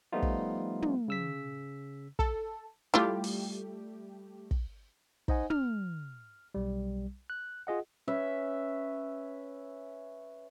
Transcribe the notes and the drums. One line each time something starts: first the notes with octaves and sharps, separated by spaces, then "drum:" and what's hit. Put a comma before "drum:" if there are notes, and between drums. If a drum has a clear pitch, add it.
F3 G3 A3 B3 D#4 F4
drum: kick
drum: tom
C#3 E6 B6
A4, drum: kick
G3 A3 E4 F4 G4
drum: open hi-hat
drum: kick
D#4 C5 D#5 F#5 G#5, drum: kick
F6, drum: tom
B1 G3
F#6
F4 G#4 D#5 F#5
C#4 B4 E5